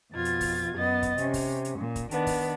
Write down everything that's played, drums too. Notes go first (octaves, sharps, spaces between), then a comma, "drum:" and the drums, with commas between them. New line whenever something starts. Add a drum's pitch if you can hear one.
F2 B2 F4 G#6 A6
drum: hi-hat
drum: kick, open hi-hat
F#2 B3 D#5 A6
drum: kick, hi-hat
C3 C#4, drum: hi-hat
drum: kick, open hi-hat
drum: hi-hat
A#2
drum: kick, hi-hat
D#3 B3 D4, drum: hi-hat
drum: kick, open hi-hat